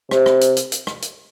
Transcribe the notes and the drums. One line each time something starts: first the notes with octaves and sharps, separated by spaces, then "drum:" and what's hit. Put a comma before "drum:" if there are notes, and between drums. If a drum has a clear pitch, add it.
C3, drum: rim click
drum: rim click
drum: hi-hat
drum: hi-hat
drum: hi-hat
drum: rim click
drum: hi-hat